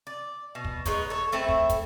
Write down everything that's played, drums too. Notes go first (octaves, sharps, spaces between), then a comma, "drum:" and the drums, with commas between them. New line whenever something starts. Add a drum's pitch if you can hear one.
D5
B2
drum: kick
G#3 B3 D#4 C#5, drum: kick, hi-hat
A4 C#5
A3 C4 E4 A4
drum: kick
drum: kick, hi-hat